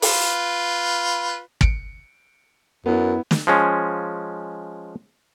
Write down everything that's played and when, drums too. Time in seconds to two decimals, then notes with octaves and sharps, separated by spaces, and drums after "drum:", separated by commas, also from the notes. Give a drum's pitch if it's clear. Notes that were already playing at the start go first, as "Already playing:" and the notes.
0.02 F4 B4, drum: open hi-hat
1.61 C#7 D7, drum: kick
2.86 F#2 B3 E4
3.31 drum: snare
3.47 F3 G#3 C#4